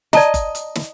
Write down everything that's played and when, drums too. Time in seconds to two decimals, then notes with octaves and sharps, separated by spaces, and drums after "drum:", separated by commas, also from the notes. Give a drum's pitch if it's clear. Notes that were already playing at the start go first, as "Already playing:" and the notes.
0.13 D5 D#5 A5 A#5, drum: snare
0.34 drum: kick F#1, hi-hat
0.55 drum: hi-hat
0.75 drum: snare